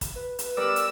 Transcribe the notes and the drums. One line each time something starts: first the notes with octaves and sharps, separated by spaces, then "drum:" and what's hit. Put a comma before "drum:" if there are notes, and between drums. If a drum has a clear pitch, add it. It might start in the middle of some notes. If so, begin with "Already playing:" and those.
drum: kick, hi-hat
B4
drum: hi-hat
G3 B3 A#4 D5 E6
drum: hi-hat